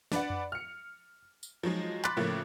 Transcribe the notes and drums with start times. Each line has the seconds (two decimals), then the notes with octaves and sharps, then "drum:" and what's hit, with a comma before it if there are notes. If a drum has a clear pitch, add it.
0.12 D4 B4 D5 F#5, drum: snare
0.30 drum: tom F2
0.52 F6 C#7
1.43 drum: tambourine
1.63 F3 F#3 G#3 D#4
2.04 B5 C6 D6 F#6 A6 B6, drum: clap
2.17 A2 C#3 F3 A3 A#3